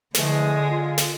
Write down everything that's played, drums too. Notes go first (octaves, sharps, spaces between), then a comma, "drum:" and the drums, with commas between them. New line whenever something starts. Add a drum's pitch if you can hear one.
D3 E3 F3 G#3 A3, drum: snare
F4
drum: snare